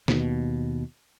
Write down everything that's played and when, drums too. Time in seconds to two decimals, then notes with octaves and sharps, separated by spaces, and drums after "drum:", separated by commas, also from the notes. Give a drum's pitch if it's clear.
0.08 D#2 B2, drum: snare